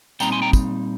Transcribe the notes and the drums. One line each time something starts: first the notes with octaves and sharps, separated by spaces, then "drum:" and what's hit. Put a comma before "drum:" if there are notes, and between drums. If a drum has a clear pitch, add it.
A#2 G3 C4 D#4 G5 A#5, drum: tambourine
G#5 C6
G5 A#5
drum: kick, tambourine